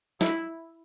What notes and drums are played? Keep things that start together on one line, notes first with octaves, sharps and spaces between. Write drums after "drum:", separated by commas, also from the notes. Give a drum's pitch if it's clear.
E4, drum: snare